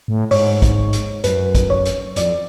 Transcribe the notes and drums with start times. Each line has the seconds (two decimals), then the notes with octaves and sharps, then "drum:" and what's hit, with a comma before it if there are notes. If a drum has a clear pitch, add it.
0.08 A2
0.31 G#2 C#5, drum: open hi-hat
0.62 drum: kick, hi-hat
0.93 drum: hi-hat
1.24 F#2 B4, drum: hi-hat
1.55 drum: kick, hi-hat
1.70 C#5
1.85 drum: hi-hat
2.16 F2 D5, drum: hi-hat